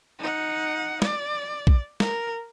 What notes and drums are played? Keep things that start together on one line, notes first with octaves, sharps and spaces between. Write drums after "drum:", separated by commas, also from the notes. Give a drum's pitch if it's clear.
D#4 F#5
D5, drum: snare
drum: kick A#1
A#4, drum: snare